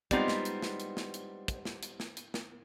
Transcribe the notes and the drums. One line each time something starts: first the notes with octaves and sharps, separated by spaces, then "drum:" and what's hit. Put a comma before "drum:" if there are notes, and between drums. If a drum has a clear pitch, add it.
G3 G#3 B3 C4 D#4 F4, drum: kick, hi-hat
drum: snare
drum: hi-hat
drum: snare
drum: hi-hat
drum: snare
drum: hi-hat
drum: kick, hi-hat
drum: snare
drum: hi-hat
drum: snare
drum: hi-hat
drum: snare